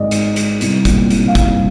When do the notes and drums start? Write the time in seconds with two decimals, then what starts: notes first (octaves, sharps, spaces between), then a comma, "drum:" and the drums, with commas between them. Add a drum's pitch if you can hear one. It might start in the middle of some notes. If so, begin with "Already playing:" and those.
Already playing: G#1 G#2 G#3 D5 D#5
0.11 G#2, drum: hi-hat
0.36 G#3, drum: hi-hat
0.61 C2, drum: hi-hat
0.85 A#2, drum: kick, hi-hat
1.10 C2, drum: hi-hat
1.28 F5
1.35 C2, drum: kick, hi-hat